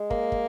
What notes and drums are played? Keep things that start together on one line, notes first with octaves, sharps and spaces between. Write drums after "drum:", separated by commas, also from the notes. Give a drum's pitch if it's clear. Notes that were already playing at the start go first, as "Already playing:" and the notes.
Already playing: G#3
A#3, drum: kick
drum: kick